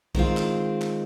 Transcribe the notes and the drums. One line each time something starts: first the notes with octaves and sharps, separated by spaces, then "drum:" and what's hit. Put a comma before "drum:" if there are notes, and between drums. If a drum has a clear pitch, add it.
D#3 G#3 C4 F4, drum: kick B1
drum: clap
drum: clap